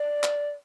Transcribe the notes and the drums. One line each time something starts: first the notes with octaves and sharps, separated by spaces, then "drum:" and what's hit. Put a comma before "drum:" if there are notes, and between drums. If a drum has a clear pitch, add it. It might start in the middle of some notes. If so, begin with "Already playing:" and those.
Already playing: D5
drum: clap